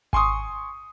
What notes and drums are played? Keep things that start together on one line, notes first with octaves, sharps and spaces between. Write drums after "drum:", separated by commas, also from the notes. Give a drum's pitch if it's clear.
G#5 C6 C#6 D#6, drum: kick G#1